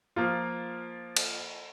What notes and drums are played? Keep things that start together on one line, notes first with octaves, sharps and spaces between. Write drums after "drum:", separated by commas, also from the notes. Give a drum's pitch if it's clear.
F3 A#3 F4
drum: cymbal